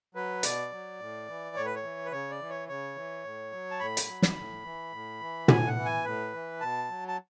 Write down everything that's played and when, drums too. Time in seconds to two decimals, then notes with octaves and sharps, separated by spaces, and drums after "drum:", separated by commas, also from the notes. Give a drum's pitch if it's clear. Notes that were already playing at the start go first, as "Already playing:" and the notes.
0.15 F#3 B4
0.43 B2 D5, drum: hi-hat
0.72 F#3
0.99 A2
1.27 E3
1.56 A2 C#5
1.65 B4
1.75 C#5
1.83 E3
2.05 B4
2.11 C#3 C#5
2.30 D5
2.40 E3
2.49 C#5
2.69 C#3 C#5
2.96 E3
3.24 A2
3.52 F#3
3.71 A5
3.80 A2 B5
3.97 drum: hi-hat
4.08 F#3
4.22 drum: snare
4.36 A2
4.64 E3
4.92 A2
5.20 E3
5.48 A2 G#5, drum: tom
5.67 F#5
5.76 E3
5.85 G#5
6.05 A2 B4
6.33 E3
6.60 B2 A5
6.90 F#3
7.08 A5